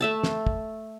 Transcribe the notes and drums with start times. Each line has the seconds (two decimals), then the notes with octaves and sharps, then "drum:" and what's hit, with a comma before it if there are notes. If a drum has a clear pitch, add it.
0.01 A3 E5 A5
0.24 drum: snare
0.47 drum: kick